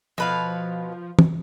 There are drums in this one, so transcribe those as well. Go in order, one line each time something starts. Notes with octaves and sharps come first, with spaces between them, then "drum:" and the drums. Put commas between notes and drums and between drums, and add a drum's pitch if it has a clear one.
B2 F3 B4 F5
drum: tom